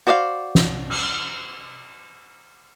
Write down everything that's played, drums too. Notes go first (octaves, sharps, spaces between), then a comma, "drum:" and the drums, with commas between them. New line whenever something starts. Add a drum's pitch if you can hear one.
F#4 C5 D5 D#5 F5
drum: snare
drum: cymbal